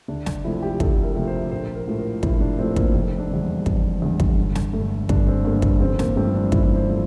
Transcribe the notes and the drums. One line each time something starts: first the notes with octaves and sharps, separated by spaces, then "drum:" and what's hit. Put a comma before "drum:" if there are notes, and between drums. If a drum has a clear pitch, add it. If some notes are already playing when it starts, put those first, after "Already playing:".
D2 D4
drum: snare
C3 F3 A3 E4
G4
D2 A4, drum: kick
A#4
C3 F3 A3
C5
A#1 C5
A#4
A2 F3 A3
A#4
A#1 E4, drum: kick
D4
A2 F3 A3 C4
A#3, drum: kick
F1 C4
D4
E2 D3 G3
F1, drum: kick
E2 D3 G3
drum: kick
G1
drum: snare
G2 D3 A3
G1 D4, drum: kick
C4
G2 D3 A3 A#3
A#3, drum: kick
A1 C4
A#3, drum: snare
G2 F3 A3 C4
D4
A1 E4, drum: kick
C5
F3 A3